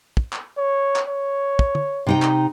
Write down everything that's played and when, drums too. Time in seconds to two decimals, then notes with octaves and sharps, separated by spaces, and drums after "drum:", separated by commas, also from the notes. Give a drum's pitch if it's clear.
0.17 drum: kick
0.33 drum: clap
0.57 C#5
0.96 drum: clap
1.08 C#5
1.59 drum: kick
1.75 drum: tom
2.07 C3 D#4 G5
2.22 drum: clap